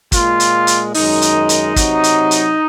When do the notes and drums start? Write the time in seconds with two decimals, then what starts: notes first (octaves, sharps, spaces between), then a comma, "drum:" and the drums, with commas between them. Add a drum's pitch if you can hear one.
0.12 A#2 G#3 F4, drum: kick, hi-hat
0.40 drum: hi-hat
0.67 drum: hi-hat
0.94 F#2 D#3 G#3 D#4, drum: open hi-hat
1.22 drum: hi-hat
1.49 drum: hi-hat
1.76 C3 F#3, drum: kick, hi-hat
2.04 drum: hi-hat
2.31 drum: hi-hat